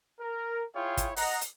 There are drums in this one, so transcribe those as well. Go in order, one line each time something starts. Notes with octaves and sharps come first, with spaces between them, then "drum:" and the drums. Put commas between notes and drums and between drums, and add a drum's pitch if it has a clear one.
A#4
E4 F4 G#4 C#5 F5 G5
drum: kick, hi-hat
D#5 F#5 A#5, drum: open hi-hat
drum: hi-hat